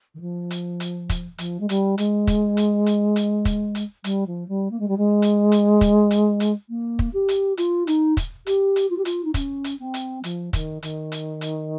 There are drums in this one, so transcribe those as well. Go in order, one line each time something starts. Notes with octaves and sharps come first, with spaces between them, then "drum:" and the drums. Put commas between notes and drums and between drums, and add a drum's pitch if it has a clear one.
D#3
F3
drum: hi-hat
drum: hi-hat
drum: kick, hi-hat
F3, drum: hi-hat
G#3
G3, drum: hi-hat
G#3, drum: hi-hat
drum: kick, hi-hat
drum: hi-hat
drum: hi-hat
drum: hi-hat
drum: kick, hi-hat
drum: hi-hat
G3, drum: hi-hat
F3
G3
A#3
G#3
G3
G#3
drum: hi-hat
drum: hi-hat
drum: kick, hi-hat
drum: hi-hat
drum: hi-hat
A#3
drum: kick
G4
drum: hi-hat
F4, drum: hi-hat
D#4, drum: hi-hat
drum: kick, hi-hat
G4, drum: hi-hat
drum: hi-hat
F4
G4
F4, drum: hi-hat
D#4
C#4, drum: kick, hi-hat
drum: hi-hat
C4
drum: hi-hat
F3, drum: hi-hat
D#3, drum: kick, hi-hat
D#3, drum: hi-hat
drum: hi-hat
drum: hi-hat